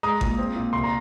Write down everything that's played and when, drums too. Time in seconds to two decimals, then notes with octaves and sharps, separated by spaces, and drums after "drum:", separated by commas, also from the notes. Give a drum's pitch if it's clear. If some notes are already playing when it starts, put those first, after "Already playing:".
0.03 G#3 A#5 D#6
0.21 A#2, drum: kick G#1
0.39 C4
0.56 A#2
0.73 C2 C6
0.83 A#5